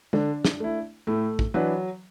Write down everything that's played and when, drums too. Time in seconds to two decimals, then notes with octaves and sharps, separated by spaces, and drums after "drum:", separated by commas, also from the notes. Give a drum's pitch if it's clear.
0.13 D3 D4, drum: tom
0.45 drum: snare
0.60 A3 E4
1.07 A2 A3
1.39 drum: kick
1.54 E3 F#3 D4 B4